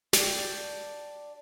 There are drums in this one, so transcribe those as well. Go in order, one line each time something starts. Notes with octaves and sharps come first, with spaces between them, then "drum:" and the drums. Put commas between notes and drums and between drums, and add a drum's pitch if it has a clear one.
D4 D5 G5, drum: snare